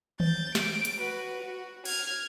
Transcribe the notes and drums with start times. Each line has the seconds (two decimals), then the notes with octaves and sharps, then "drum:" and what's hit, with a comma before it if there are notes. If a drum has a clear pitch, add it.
0.20 G6 A6, drum: tom D#3
0.55 D7, drum: snare
0.85 drum: hi-hat
0.98 F#4 B4
1.41 F#4
1.85 F6 G#6, drum: cymbal